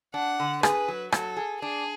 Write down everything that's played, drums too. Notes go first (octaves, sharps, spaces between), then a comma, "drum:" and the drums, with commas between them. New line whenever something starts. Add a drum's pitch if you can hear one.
D4 F#5
D3
G#4 B4, drum: rim click
F#3
F#3 A4, drum: rim click
G#4
D4 G#4